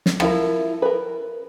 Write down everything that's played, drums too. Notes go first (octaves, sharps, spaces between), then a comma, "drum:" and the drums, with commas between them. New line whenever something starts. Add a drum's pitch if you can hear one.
drum: snare
F3 E4 A#4, drum: rim click
A#4 B4